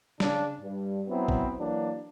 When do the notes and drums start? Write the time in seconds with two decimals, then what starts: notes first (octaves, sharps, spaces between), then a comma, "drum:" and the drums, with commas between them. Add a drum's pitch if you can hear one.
0.20 C#3 D4, drum: snare
0.60 G2
1.08 F#3 B3 C4 E4
1.28 drum: kick
1.58 E3 F#3 A#3 D4